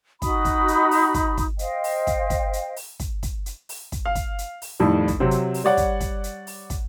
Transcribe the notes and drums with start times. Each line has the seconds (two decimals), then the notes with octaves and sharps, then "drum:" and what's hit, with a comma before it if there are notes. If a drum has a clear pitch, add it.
0.22 D#4 F#4 B5 D#6, drum: kick, hi-hat
0.45 drum: kick, hi-hat
0.68 drum: hi-hat
0.91 drum: open hi-hat
1.14 drum: kick, hi-hat
1.38 drum: kick, hi-hat
1.59 C5 D#5 F5 G5, drum: hi-hat
1.84 drum: open hi-hat
2.07 drum: kick, hi-hat
2.30 drum: kick, hi-hat
2.53 drum: hi-hat
2.76 drum: open hi-hat
3.00 drum: kick, hi-hat
3.23 drum: kick, hi-hat
3.46 drum: hi-hat
3.69 drum: open hi-hat
3.92 drum: kick, hi-hat
4.06 F5
4.15 drum: kick, hi-hat
4.38 drum: hi-hat
4.62 drum: open hi-hat
4.80 F2 A2 D#3 G3
5.08 drum: kick, hi-hat
5.20 C3 F#3 C4
5.31 drum: hi-hat
5.54 drum: open hi-hat
5.64 G3 C#5 D5 F#5
5.77 drum: kick, hi-hat
6.01 drum: kick, hi-hat
6.24 drum: hi-hat
6.47 drum: open hi-hat
6.70 drum: kick, hi-hat